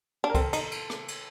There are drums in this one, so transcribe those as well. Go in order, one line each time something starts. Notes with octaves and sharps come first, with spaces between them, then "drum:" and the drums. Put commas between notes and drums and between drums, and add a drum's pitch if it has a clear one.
D4
A#4
C4 A4, drum: kick, cymbal
D#4, drum: cymbal
drum: cymbal
drum: rim click
drum: cymbal